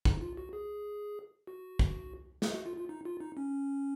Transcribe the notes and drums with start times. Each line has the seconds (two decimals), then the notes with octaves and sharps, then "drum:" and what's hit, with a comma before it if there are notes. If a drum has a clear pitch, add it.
0.05 D#4, drum: kick
0.21 F4
0.37 F#4
0.53 G#4
1.47 F#4
1.79 drum: kick
2.42 G#4, drum: snare
2.54 F#4
2.66 F4
2.77 F4
2.89 D#4
3.05 F4
3.20 D#4
3.37 C#4